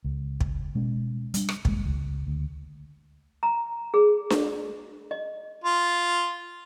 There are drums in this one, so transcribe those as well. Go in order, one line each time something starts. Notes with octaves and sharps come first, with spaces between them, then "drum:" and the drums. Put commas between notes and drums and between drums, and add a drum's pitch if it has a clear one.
C#2
drum: kick
B2 G#3 C#4
G3 D4, drum: hi-hat
drum: rim click
F#1 D#2 G#3, drum: kick
C#2
D2
A#5
G#4
drum: snare D4
D#5
F4